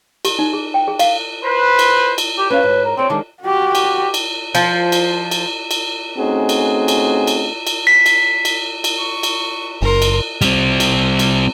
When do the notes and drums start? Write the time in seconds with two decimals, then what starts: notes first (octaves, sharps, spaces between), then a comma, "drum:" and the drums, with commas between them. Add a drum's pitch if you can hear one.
0.25 G4, drum: cymbal
0.39 D#4
0.53 G#4
0.74 G5
0.88 G#4
0.99 F5, drum: cymbal
1.45 B4 C5
1.79 drum: cymbal
2.18 drum: cymbal
2.38 G4
2.50 C#4 B4 C5 F5
2.63 G#2
2.86 A#4
2.97 C4 C#5 D5
3.10 D#3 G3 G#3 D4
3.42 F#4 G4
3.75 drum: cymbal
4.14 drum: cymbal
4.55 F3, drum: cymbal
4.92 drum: cymbal
5.31 drum: cymbal
5.71 drum: cymbal
6.17 A3 C4 C#4 D#4 F#4 G#4
6.49 drum: cymbal
6.88 drum: cymbal
7.27 drum: cymbal
7.67 drum: cymbal
7.87 B6
8.06 drum: cymbal
8.45 drum: cymbal
8.84 drum: cymbal
8.98 C#6
9.23 drum: cymbal
9.82 F#1 A#4 C6
10.02 drum: cymbal
10.42 G3 C4, drum: cymbal
10.80 drum: cymbal
11.19 drum: cymbal